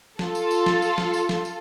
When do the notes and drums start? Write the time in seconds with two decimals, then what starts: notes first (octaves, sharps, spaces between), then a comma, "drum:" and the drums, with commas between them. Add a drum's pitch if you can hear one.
0.19 F4 A4, drum: snare
0.35 drum: tambourine
0.51 drum: tambourine
0.66 drum: snare
0.82 drum: tambourine
0.98 drum: snare
1.14 drum: tambourine
1.29 drum: snare
1.45 drum: tambourine